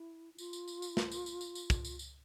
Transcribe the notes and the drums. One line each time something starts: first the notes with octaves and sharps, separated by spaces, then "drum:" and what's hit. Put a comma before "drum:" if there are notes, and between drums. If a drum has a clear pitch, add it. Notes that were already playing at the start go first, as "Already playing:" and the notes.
Already playing: E4
E4
F4, drum: tambourine
drum: tambourine
drum: tambourine
drum: tambourine
drum: snare
drum: tambourine
drum: tambourine
drum: tambourine
drum: tambourine
drum: kick, tambourine
drum: tambourine
drum: tambourine